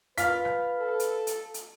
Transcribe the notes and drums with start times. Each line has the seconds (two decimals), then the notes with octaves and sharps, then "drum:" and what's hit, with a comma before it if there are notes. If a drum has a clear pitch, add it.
0.18 F4 B4 F6 B6, drum: hi-hat
0.45 drum: rim click
0.78 A4
1.00 drum: hi-hat
1.27 drum: hi-hat
1.54 drum: hi-hat